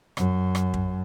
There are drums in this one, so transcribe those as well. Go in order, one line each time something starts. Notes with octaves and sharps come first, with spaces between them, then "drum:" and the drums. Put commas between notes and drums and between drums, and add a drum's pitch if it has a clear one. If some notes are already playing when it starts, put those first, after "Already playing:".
F#2, drum: rim click
drum: rim click
drum: kick